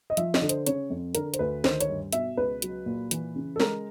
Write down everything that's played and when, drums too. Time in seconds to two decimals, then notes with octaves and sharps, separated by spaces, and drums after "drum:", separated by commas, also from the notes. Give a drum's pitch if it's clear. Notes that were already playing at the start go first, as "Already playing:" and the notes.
0.10 D#5
0.17 F3 E5, drum: hi-hat
0.34 D#5, drum: snare
0.42 D3
0.49 C5, drum: hi-hat
0.66 C#3 C#5, drum: hi-hat
0.90 F2
1.15 D3 A#4, drum: hi-hat
1.34 C5, drum: hi-hat
1.39 D2 B4
1.64 D#3 C5, drum: snare
1.81 C#5, drum: hi-hat
1.89 G2
2.13 B2 E5, drum: hi-hat
2.37 C#2 B4
2.62 F#3, drum: hi-hat
2.86 A#2
3.11 E3, drum: hi-hat
3.36 C#3
3.56 A4
3.60 G#3 A#4, drum: snare